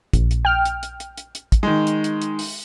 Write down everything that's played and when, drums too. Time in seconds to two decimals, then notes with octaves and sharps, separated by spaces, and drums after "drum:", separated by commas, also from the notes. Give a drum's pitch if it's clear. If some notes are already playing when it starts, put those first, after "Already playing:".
0.13 A#1, drum: kick, hi-hat
0.31 drum: hi-hat
0.45 G5 F6
0.65 drum: hi-hat
0.83 drum: hi-hat
1.00 drum: hi-hat
1.17 drum: hi-hat
1.35 drum: hi-hat
1.52 drum: kick, hi-hat
1.63 D#3 G#3
1.87 drum: hi-hat
2.04 drum: hi-hat
2.22 drum: hi-hat
2.39 drum: open hi-hat